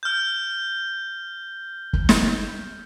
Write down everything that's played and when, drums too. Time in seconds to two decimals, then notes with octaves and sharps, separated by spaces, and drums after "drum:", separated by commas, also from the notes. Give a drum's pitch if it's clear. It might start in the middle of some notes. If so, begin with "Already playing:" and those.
0.03 F6 G6
1.93 drum: kick
2.09 drum: snare